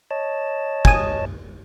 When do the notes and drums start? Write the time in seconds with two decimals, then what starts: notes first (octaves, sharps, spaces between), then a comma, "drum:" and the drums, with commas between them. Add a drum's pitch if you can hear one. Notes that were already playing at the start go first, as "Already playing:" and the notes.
0.11 C#5 D#5 A5
0.85 G#5 D#6, drum: kick